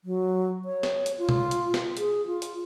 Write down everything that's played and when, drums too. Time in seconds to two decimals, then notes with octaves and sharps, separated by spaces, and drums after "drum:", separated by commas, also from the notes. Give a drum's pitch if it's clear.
0.04 F#3
0.65 C#5
0.83 drum: snare
1.06 drum: hi-hat
1.18 F4
1.29 drum: tom B2
1.51 drum: hi-hat
1.74 drum: snare
1.97 G#4, drum: hi-hat
2.27 F4
2.42 drum: hi-hat